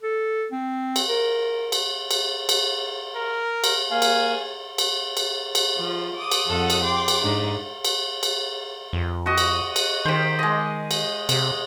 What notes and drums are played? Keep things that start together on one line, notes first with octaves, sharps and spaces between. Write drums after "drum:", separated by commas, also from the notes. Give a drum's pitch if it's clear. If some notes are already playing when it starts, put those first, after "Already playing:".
A4
C4
drum: cymbal
A#4
drum: cymbal
drum: cymbal
drum: cymbal
A#4
drum: cymbal
A#3 F5 G#5
drum: cymbal
drum: cymbal
drum: cymbal
drum: cymbal
F3
D6 D#6
drum: cymbal
F2 A4 F#5 D#6
drum: cymbal
G5 C6 D6
drum: cymbal
G#2 D4 D#4
drum: cymbal
drum: cymbal
F2
F#4 D#5
drum: cymbal
drum: cymbal
D#3 G4 C5
G#3 D#5
drum: cymbal
C3, drum: cymbal